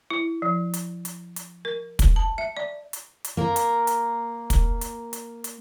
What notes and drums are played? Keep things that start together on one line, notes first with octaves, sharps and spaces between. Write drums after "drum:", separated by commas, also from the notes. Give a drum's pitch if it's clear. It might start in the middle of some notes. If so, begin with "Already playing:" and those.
E4
F3
drum: hi-hat
drum: hi-hat
drum: hi-hat
A#4
drum: kick, hi-hat
A5
E5
D5
drum: hi-hat
drum: hi-hat
A#3 A#4
drum: hi-hat
drum: hi-hat
drum: kick, hi-hat
drum: hi-hat
drum: hi-hat
drum: hi-hat